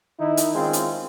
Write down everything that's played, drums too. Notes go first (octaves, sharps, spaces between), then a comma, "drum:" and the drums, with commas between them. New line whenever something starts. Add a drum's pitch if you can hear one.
D#3 D#4 E4
drum: hi-hat
D#3 G#3 C4 C#4 F4 G#4
drum: hi-hat